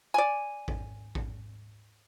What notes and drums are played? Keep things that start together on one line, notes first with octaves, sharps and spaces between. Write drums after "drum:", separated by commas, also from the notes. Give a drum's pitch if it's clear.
D5 G#5
drum: kick A1
drum: kick A1